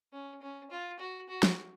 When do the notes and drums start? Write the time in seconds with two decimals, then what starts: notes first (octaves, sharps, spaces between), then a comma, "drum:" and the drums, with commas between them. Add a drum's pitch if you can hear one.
0.13 C#4
0.42 C#4
0.71 F4
0.99 F#4
1.29 F#4
1.43 drum: snare